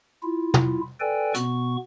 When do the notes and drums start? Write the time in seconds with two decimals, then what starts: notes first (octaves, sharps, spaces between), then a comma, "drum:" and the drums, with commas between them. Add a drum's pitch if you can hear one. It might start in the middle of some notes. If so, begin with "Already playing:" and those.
0.23 E4 F4
0.54 drum: tom
1.00 A4 B4 D5 G5 G#5
1.34 B2 B3 C#6, drum: hi-hat